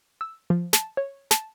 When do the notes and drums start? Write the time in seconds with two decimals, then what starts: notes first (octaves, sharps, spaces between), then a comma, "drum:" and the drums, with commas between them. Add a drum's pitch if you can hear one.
0.21 E6
0.50 F3
0.73 A5, drum: snare
0.97 C#5
1.31 A5, drum: snare